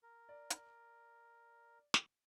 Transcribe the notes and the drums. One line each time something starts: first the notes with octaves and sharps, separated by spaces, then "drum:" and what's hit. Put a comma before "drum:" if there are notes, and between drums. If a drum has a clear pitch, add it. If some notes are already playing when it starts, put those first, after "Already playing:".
A#4
D5
drum: hi-hat
drum: snare